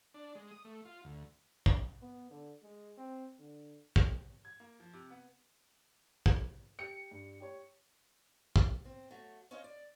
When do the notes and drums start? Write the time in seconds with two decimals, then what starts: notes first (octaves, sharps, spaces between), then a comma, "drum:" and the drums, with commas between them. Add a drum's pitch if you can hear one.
0.14 D4
0.35 G#3
0.51 D#6
0.65 A3
0.85 F4
1.04 D2
1.66 drum: kick
2.02 B3
2.31 D3
2.63 G#3
2.97 C4
3.39 D3
3.96 drum: kick
4.45 G#6
4.60 A#3
4.80 F3
4.93 C3
5.10 B3
6.26 drum: kick
6.79 G4 C#7
7.11 G2
7.40 G4 C#5
8.56 drum: kick
8.85 C4
9.11 F#3 A3
9.51 C#4 C5 C#5 D#5 F5
9.64 D5